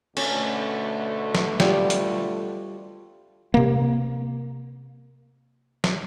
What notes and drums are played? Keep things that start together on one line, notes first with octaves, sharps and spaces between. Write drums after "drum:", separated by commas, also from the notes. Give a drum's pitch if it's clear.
D2 B2 A3 C#4, drum: cymbal
drum: snare
G3 F4, drum: snare
drum: hi-hat
C3 A#3
drum: snare